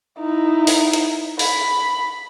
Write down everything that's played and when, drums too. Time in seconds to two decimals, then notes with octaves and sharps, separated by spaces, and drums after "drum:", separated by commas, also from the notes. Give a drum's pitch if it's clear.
0.19 D#4 E4
0.67 drum: open hi-hat
0.93 drum: hi-hat
1.39 B5, drum: open hi-hat